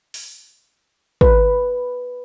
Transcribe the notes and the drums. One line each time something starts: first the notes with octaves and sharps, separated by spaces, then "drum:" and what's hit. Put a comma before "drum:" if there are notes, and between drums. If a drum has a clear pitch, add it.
drum: open hi-hat
B4, drum: kick